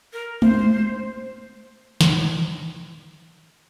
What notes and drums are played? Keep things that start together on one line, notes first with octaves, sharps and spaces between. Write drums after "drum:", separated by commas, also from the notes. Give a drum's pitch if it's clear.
A#4
C5, drum: tom G#3
drum: snare